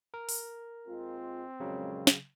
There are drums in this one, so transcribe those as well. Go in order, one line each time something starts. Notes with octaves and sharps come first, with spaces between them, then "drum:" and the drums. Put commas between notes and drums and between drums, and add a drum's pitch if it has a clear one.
A#4
drum: open hi-hat
D#2 G#3 C4 F4
F2 A#2 C#3 F#3 G#3
drum: snare